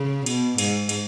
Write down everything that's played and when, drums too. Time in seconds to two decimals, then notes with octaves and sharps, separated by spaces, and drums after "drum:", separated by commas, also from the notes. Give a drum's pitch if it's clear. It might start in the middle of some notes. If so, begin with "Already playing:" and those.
Already playing: C#3
0.26 B2, drum: cymbal
0.58 G#2, drum: cymbal
0.89 drum: cymbal